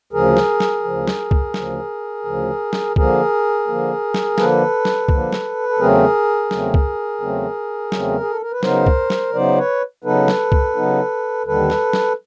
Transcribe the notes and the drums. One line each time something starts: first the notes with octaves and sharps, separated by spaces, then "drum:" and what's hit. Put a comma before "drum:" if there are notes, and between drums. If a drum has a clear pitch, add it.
D2 C#3 F3 G#4 A#4
drum: snare
drum: snare
D2 C#3 F3
drum: snare
drum: kick
D2 C#3 F3, drum: snare
D2 C#3 F3
drum: snare
D3 F3 A#3 G#4 A#4, drum: kick
D3 F3 A#3
drum: snare
D3 F3 A#3 A4 B4, drum: snare
drum: snare
D3 F3 A#3, drum: kick
drum: snare
A4
E2 C#3 F#3 A3 C4 G#4 A#4
E2 C#3 F#3 A3 C4, drum: snare
drum: kick
E2 C#3 F#3 A3 C4
E2 C#3 F#3 A3 C4, drum: snare
G#4
A4
A#4
B4
C#3 F#3 B3 D#4 A#4 C5, drum: snare
drum: kick
drum: snare
C#3 F#3 B3 D#4 C5 D5
B4 C#5
C#3 F#3 B3 D#4 A4 B4
drum: snare
drum: kick
C#3 F#3 B3 D#4
D#2 D3 G3 A4 B4
drum: snare
drum: snare